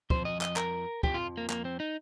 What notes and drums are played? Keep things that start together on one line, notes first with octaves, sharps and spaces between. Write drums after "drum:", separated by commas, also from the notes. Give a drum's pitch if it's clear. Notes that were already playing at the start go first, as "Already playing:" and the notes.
F2 F3 C5, drum: kick
D#5
D#5, drum: clap
A#4, drum: clap
F2 F3 G4, drum: kick
F4
A#3
A#3, drum: clap
C4
D#4